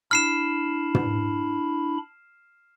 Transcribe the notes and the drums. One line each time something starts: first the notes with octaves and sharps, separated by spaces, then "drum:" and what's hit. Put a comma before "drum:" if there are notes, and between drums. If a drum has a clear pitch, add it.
D4 E4 B5 F6 C7 E7
drum: tom